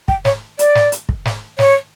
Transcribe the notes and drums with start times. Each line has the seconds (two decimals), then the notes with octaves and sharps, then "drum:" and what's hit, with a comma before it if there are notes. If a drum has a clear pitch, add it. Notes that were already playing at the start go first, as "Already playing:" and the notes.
0.08 G5, drum: kick
0.25 C#5, drum: snare
0.59 D5, drum: hi-hat
0.75 drum: snare
0.92 drum: hi-hat
1.09 drum: kick
1.25 drum: snare
1.59 C#5, drum: snare